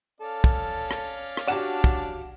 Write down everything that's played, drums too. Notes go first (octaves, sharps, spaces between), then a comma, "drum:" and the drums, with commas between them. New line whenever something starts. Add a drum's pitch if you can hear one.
C#4 A4 D5 F5
drum: kick
drum: rim click
drum: rim click
D4 F#4 G4 F#5 A5 E7
drum: kick